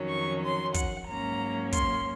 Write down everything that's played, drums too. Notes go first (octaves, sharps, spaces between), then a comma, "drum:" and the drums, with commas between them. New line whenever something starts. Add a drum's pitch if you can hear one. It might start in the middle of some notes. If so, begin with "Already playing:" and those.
Already playing: F2 D#3 F#3 C#4
C#6
C6
F#5, drum: kick, hi-hat
G#2 F#3 A#3 C#4 A#5
C6, drum: kick, hi-hat